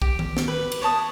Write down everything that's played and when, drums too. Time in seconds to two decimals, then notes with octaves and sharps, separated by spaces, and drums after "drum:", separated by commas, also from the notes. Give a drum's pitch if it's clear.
0.02 G4, drum: kick C2
0.19 drum: tom D#3
0.37 drum: snare
0.48 B4
0.72 drum: cymbal
0.81 C#5 D5 A5 D#6